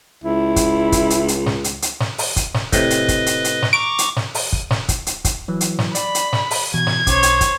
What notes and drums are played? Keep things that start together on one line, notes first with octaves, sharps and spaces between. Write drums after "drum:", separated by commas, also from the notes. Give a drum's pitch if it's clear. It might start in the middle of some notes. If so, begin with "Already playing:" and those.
C#2 E4
drum: kick, hi-hat
drum: kick, hi-hat
drum: hi-hat
drum: hi-hat
drum: snare
drum: hi-hat
drum: hi-hat
drum: snare
drum: open hi-hat
drum: kick, hi-hat
drum: snare
A2 C3 B4 D#5, drum: kick, hi-hat
drum: hi-hat
drum: kick, hi-hat
drum: hi-hat
drum: hi-hat
drum: snare
A#5 C#6 D6 D7
drum: hi-hat
drum: snare
drum: open hi-hat
drum: kick
drum: snare
drum: kick, hi-hat
drum: hi-hat
drum: kick, hi-hat
E3 F#3
drum: hi-hat
drum: snare
D5 B5, drum: hi-hat
drum: hi-hat
drum: snare
drum: open hi-hat
B2 E3 G#6
drum: snare
B1 C#4 C5 C#5 D6, drum: kick, hi-hat
drum: hi-hat
drum: kick, hi-hat